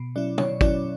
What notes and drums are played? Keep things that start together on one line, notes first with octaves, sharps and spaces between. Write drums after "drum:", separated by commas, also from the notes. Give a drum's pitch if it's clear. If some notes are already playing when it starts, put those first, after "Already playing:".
Already playing: B2
F#3 C#4 E4 D5
B2 C#5, drum: tom
F#3 C#4 E4 D5, drum: kick